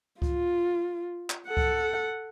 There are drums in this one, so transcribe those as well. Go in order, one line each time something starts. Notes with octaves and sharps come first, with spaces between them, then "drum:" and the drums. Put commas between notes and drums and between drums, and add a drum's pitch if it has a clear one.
F4, drum: kick C#2
drum: clap
A4 F#5
drum: kick C#2